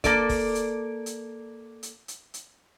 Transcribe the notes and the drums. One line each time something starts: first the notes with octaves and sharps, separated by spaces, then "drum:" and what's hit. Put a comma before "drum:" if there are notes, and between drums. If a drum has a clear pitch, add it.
A#3 A4 D5, drum: kick, hi-hat
drum: kick, open hi-hat
drum: hi-hat
drum: hi-hat
drum: hi-hat
drum: hi-hat
drum: hi-hat